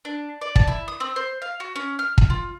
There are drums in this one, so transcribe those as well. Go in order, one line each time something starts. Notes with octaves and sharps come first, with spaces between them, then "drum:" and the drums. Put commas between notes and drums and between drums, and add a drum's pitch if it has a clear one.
D4
D5
A5, drum: kick
E4
D#6
C4
C5
F5
F#4
C#4
F6
drum: kick
F4